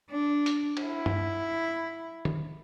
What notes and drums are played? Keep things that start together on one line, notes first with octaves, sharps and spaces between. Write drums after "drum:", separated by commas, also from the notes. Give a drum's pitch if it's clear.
D4
drum: hi-hat
drum: cymbal
E4
drum: tom
drum: tom